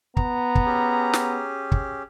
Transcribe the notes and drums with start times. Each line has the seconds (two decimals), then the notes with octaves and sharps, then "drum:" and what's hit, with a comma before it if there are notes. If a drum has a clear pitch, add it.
0.17 B3 A#5, drum: kick
0.55 drum: kick
0.65 C#4 G4 G#4
1.13 drum: snare
1.72 drum: kick